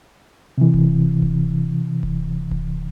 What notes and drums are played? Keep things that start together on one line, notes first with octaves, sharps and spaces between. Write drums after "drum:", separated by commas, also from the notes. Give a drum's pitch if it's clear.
C3 E3
drum: kick D1
drum: kick D1
drum: kick D1
drum: kick D1